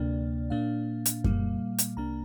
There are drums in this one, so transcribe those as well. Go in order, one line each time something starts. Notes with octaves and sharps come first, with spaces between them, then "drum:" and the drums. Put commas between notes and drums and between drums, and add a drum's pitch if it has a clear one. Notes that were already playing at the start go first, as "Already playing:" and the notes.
Already playing: D2 C3 A#3 D4 D5
A#2 A#3 D4 F5
drum: hi-hat
A#2 G3 A#3, drum: kick F#2
drum: hi-hat
C2 C3 A#3 D4 A#5